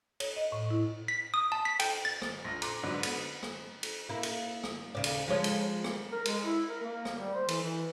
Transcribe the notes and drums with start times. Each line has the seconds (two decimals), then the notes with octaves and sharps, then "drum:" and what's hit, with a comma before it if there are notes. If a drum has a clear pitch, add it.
0.20 C#5, drum: cymbal
0.36 D#5
0.52 A2
0.70 E4
1.08 B6
1.34 D#6
1.52 A5
1.65 B6
1.80 G5, drum: cymbal
2.05 A6
2.22 drum: rim click
2.45 A#1 A#6
2.62 A#5 C6 D6 F#6, drum: cymbal
2.83 G#2 D3 F#3 B4
3.03 B3 F6, drum: cymbal
3.43 drum: rim click
3.83 drum: cymbal
4.09 A#3 E4
4.23 drum: cymbal
4.63 drum: rim click
4.95 D#2 C#3 D5
5.04 drum: cymbal
5.28 F3 G#3 C#5
5.44 drum: cymbal
5.84 drum: rim click
6.12 A#4
6.25 G#3, drum: cymbal
6.43 E4
6.68 A#4
6.82 A#3
7.05 drum: rim click
7.18 G3
7.34 C5
7.48 E3, drum: cymbal
7.62 E3